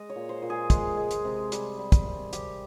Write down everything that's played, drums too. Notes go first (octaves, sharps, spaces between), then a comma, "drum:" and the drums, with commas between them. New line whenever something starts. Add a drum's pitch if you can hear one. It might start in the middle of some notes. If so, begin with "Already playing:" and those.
Already playing: G#3 D#5
C#5
A#2
C5
A#2
G#4
G#3, drum: kick, hi-hat
G#3
drum: hi-hat
C3
G3, drum: hi-hat
G3
drum: kick, hi-hat
C3
C3 G4, drum: hi-hat